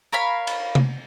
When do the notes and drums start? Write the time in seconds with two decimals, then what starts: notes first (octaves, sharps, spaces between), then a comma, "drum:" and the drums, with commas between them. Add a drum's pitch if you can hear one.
0.12 A#4 C#5 F5 B5
0.47 drum: cymbal
0.75 drum: tom C3